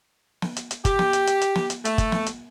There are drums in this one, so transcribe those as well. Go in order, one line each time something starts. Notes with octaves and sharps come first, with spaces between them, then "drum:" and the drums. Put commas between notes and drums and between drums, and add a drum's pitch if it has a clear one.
drum: snare
drum: hi-hat
drum: hi-hat
G4, drum: kick G1, hi-hat
drum: snare
drum: hi-hat
drum: hi-hat
drum: hi-hat
drum: snare
drum: hi-hat
A3, drum: hi-hat
drum: kick G1, hi-hat
drum: snare
drum: hi-hat